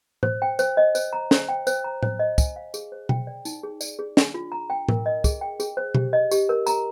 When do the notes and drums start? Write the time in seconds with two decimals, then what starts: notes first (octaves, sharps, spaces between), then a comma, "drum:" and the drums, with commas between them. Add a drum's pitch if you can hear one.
0.23 C5, drum: tom A2
0.42 G5
0.59 C5, drum: tambourine
0.77 D#5
0.95 C5, drum: tambourine
1.13 A#5
1.31 C5, drum: snare
1.49 G5
1.67 C5, drum: tambourine
1.84 A#5
2.03 C5, drum: tom A2
2.19 D#5
2.38 G#5, drum: kick, tambourine
2.56 F5
2.74 G#4, drum: tambourine
2.92 C5
3.09 G5, drum: tom B2
3.27 D5
3.45 D#4, drum: tambourine
3.63 G#4
3.81 D5, drum: tambourine
3.99 G#4
4.17 D4, drum: snare
4.34 F4
4.52 A#5
4.70 G5
4.89 A#4, drum: tom A2
5.06 D#5
5.24 G#4, drum: kick, tambourine
5.41 G5
5.60 G#4, drum: tambourine
5.77 C5
5.95 G4, drum: tom B2
6.13 D#5
6.31 G4, drum: tambourine
6.49 A#4
6.66 A#5, drum: tambourine